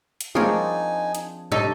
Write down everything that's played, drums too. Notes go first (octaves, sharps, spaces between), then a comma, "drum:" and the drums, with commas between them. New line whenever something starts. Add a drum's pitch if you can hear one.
drum: hi-hat
F3 C4 D4 D#4 G#4 A#4 C#5 G#5, drum: tom
drum: hi-hat
C3 D#4 A4 C#5